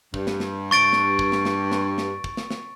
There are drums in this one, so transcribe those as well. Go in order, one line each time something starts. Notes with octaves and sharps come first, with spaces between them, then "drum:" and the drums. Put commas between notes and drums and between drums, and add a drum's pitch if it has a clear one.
G2, drum: kick
drum: snare
drum: snare
C#6 A6 D7
drum: snare
drum: kick
drum: snare
drum: snare
drum: snare
drum: snare
drum: kick
drum: snare
drum: snare